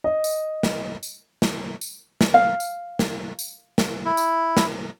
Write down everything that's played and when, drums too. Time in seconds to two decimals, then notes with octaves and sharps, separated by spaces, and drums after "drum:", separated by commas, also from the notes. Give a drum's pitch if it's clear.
0.04 D#5
0.24 drum: tambourine
0.63 drum: snare
1.03 drum: tambourine
1.42 drum: snare
1.81 drum: tambourine
2.21 drum: snare
2.34 F5
2.60 drum: tambourine
2.99 drum: snare
3.39 drum: tambourine
3.78 drum: snare
4.05 E4
4.17 drum: tambourine
4.57 drum: snare